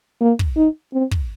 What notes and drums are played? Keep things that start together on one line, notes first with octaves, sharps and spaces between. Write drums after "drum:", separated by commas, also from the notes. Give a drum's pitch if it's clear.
A#3
drum: kick
D#4
C4
drum: kick